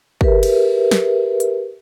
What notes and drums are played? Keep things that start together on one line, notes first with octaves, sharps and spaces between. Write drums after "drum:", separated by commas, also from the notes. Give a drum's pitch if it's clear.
G4 G#4 A#4 B4 E5, drum: kick
drum: cymbal
drum: snare
drum: hi-hat